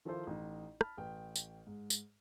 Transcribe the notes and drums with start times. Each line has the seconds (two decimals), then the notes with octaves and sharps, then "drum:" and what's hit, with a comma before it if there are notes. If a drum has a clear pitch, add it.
0.05 D#3 F3 E4 F4 A4 C5
0.27 A1 D#4
0.81 A5 B5 F6, drum: rim click
0.97 A1 B4 G5
1.36 drum: tambourine
1.67 G#2
1.90 drum: tambourine